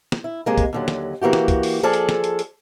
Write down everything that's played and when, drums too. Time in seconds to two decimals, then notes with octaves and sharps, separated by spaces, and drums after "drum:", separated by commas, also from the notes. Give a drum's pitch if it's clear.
0.12 drum: snare
0.24 E4
0.46 C3 G#3 A#3
0.58 drum: kick, hi-hat
0.73 D#2 D3 F#3
0.88 drum: snare
1.22 E3 A#3 F#4 G4
1.33 drum: snare
1.48 drum: kick, hi-hat
1.63 drum: open hi-hat
1.83 F3 G#4 A4 D5
1.94 drum: hi-hat
2.09 drum: snare
2.24 drum: hi-hat
2.39 drum: hi-hat